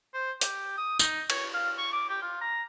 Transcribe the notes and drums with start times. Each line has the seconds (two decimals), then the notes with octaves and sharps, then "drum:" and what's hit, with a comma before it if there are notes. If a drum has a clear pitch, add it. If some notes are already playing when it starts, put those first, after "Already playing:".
0.14 C5
0.41 G4, drum: hi-hat
0.77 D#6
0.99 D#4, drum: tambourine
1.30 C#5, drum: cymbal
1.54 F5
1.78 C#6
1.92 D6
2.09 G4
2.22 F4
2.41 A#5